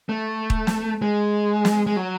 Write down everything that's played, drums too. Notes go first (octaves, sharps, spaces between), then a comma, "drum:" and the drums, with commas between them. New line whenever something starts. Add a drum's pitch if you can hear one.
A3
drum: kick D#1
drum: snare
G#3
drum: snare
G#3
F#3